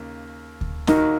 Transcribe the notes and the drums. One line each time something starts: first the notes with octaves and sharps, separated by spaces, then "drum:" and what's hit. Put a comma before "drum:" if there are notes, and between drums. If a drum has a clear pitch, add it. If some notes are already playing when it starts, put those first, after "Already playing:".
Already playing: D#2 C#3 A#3
drum: kick D2
D#2 D#3 A#3 D#4 F#4 A#4, drum: snare